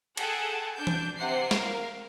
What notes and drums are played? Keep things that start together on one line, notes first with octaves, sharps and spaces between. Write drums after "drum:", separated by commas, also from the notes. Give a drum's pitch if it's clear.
G#4 A4 F#5 G5 A5, drum: cymbal
D4 G6
drum: tom E3
C3 F#5 C7
A#4 F5, drum: snare